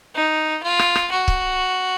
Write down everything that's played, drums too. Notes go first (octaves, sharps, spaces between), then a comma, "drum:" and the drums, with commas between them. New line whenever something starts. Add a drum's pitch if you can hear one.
D#4
F4
drum: rim click
drum: rim click
F#4
drum: kick C#1